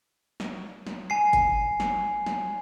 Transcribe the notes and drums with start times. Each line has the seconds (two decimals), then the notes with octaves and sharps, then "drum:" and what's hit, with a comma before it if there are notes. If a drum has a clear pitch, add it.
0.40 drum: snare
0.87 drum: snare
1.10 G#5 C7
1.33 drum: kick G1, hi-hat
1.80 drum: snare
2.26 drum: snare